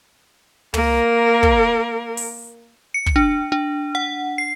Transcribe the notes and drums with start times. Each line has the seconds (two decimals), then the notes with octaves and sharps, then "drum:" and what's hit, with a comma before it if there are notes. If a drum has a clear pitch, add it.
0.74 A#3 A#4, drum: tom
1.43 drum: kick
2.17 drum: open hi-hat
2.94 C#7
3.06 drum: kick
3.16 D4
3.52 D4
3.95 F#5
4.38 C7